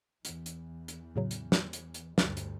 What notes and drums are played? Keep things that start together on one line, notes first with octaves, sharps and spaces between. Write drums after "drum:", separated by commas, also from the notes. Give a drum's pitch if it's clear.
E2 E3, drum: hi-hat
drum: hi-hat
drum: hi-hat
A2 C#3 F#3
drum: hi-hat
drum: snare
drum: hi-hat
drum: hi-hat
D2 G2 A6, drum: snare
drum: hi-hat